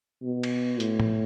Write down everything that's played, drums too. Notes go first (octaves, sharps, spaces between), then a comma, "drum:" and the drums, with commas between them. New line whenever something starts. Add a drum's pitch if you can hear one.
B2
drum: cymbal
A2, drum: hi-hat
drum: tom A2